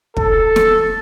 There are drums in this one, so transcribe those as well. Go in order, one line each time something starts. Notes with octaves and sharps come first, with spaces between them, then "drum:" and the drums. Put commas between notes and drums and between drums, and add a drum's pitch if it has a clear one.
A4, drum: kick
drum: snare